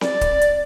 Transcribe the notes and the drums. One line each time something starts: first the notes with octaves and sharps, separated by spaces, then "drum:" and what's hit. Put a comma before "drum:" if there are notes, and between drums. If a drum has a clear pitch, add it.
D5, drum: snare C4
drum: kick C#1, hi-hat
drum: hi-hat